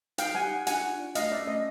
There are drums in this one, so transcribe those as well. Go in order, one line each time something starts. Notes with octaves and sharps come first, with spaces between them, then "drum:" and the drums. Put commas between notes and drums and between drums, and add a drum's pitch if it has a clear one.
D#4 F5 G5, drum: hi-hat
G4 F#5 G#5
D#4
D4 F#5 G#5, drum: hi-hat
F4
D5
A3 D#5 F5, drum: hi-hat
C#4 D5 E5
A3 D#5